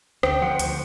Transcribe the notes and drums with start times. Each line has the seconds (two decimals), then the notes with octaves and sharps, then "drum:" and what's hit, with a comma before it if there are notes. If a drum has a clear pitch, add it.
0.23 D2 G5, drum: rim click
0.42 F3 F#5
0.59 D2, drum: hi-hat